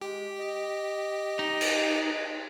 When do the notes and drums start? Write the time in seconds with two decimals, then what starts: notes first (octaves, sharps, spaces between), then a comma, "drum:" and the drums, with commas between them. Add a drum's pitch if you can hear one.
0.01 G#3 G4
0.39 D#5
1.39 D#4
1.61 drum: cymbal